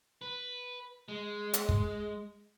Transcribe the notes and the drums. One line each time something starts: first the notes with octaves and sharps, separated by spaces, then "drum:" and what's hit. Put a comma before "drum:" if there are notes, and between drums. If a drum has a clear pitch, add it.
B4
G#3
drum: hi-hat
drum: kick